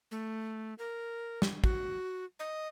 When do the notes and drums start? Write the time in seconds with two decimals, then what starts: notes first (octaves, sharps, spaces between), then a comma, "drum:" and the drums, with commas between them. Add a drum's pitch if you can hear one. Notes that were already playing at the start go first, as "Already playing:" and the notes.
0.11 A3
0.78 A#4
1.42 drum: snare
1.64 F#4, drum: kick
2.40 D#5